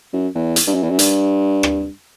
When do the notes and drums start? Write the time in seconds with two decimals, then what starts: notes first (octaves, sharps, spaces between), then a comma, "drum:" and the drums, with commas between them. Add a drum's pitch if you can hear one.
0.13 F#2
0.35 E2
0.56 drum: hi-hat
0.67 G2
0.74 F#2
0.83 E2
0.90 F#2
0.99 G2, drum: hi-hat
1.63 drum: rim click